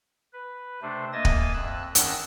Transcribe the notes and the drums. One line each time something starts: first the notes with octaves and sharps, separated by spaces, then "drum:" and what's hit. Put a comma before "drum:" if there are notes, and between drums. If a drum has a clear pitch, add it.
B4
C3 A3 D4 C5
A#3 D#5 E5 G#5 D#6 A6
drum: kick
F2 E6 F#6
G2 D#3 C#4 F#5 E6, drum: hi-hat